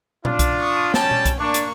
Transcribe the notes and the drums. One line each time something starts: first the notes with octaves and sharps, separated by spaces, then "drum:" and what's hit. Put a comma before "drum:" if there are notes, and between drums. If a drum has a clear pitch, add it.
D4 F4, drum: tom A#2
drum: kick B1, hi-hat
C#6 D#6
G3 C#4 G5 A5, drum: snare
drum: tom A#2
drum: kick B1, hi-hat
A#3 D4 C#6
drum: hi-hat